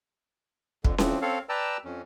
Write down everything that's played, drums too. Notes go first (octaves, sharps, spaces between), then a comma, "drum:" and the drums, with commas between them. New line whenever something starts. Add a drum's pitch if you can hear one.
F2 D3, drum: kick
E3 F3 C4, drum: snare C#4
C4 A4 C#5 F5
B4 D5 G5 A5 A#5 E6
F2 C#4